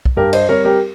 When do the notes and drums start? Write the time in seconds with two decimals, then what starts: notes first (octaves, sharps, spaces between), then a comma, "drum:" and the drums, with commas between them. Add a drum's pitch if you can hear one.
0.05 drum: kick B1
0.16 G2 G4 A#4
0.33 C5 D#5, drum: cymbal
0.49 G3 C4 A#4 C#5
0.65 G4 A#4